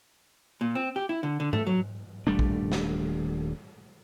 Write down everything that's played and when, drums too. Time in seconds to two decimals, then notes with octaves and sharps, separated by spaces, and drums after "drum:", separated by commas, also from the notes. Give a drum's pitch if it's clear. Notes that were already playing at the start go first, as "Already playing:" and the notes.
0.61 A#2
0.75 C4
0.96 G4
1.09 E4
1.23 D3
1.40 D3
1.53 A3, drum: tom G#2
1.67 F#3
2.27 D#1 G3 A3 D4
2.39 drum: kick A#1
2.72 drum: snare